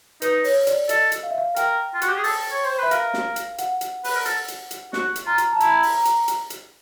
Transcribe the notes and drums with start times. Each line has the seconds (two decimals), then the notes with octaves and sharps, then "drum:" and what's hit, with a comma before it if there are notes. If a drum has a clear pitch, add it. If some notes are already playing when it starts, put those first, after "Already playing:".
0.22 D#4 B4, drum: hi-hat
0.44 C#5, drum: open hi-hat
0.67 D5, drum: hi-hat
0.89 A4 D#5, drum: hi-hat
1.12 drum: hi-hat
1.23 F5
1.30 E5
1.38 F5
1.56 A#4 G5, drum: hi-hat
1.94 F4
2.02 F#4, drum: hi-hat
2.09 G4
2.17 G#4
2.24 A4, drum: open hi-hat
2.51 C#5
2.65 C5
2.78 B4 E5
2.91 A#4 F5, drum: hi-hat
3.14 drum: snare
3.36 drum: hi-hat
3.58 F#5, drum: hi-hat
3.81 drum: hi-hat
4.04 B4, drum: open hi-hat
4.15 A#4
4.26 A4, drum: hi-hat
4.48 drum: hi-hat
4.71 drum: hi-hat
4.93 F#4, drum: snare
5.16 drum: hi-hat
5.27 F4 A#5
5.38 drum: hi-hat
5.53 A5
5.60 E4 A#5, drum: hi-hat
5.83 drum: open hi-hat
5.94 A#5
6.05 drum: hi-hat
6.28 drum: hi-hat
6.50 drum: hi-hat